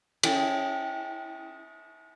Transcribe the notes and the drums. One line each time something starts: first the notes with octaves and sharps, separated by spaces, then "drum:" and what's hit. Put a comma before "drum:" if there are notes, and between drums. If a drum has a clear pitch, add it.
C#4 E4 G5 A5, drum: cymbal